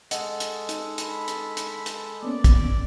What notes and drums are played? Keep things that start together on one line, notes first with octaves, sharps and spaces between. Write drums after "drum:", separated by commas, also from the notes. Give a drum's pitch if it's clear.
G#3 A4 D#5 F#5, drum: hi-hat
drum: hi-hat
D#4, drum: hi-hat
B5, drum: hi-hat
drum: hi-hat
drum: hi-hat
drum: hi-hat
A#3 B3 C#4 D5
drum: kick, hi-hat